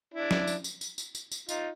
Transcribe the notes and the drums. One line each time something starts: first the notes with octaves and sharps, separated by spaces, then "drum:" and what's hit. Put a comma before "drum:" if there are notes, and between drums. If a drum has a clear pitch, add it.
D4 E4
drum: snare
drum: tambourine
drum: tambourine
drum: tambourine
drum: tambourine
drum: tambourine
drum: tambourine
D#4 F4, drum: tambourine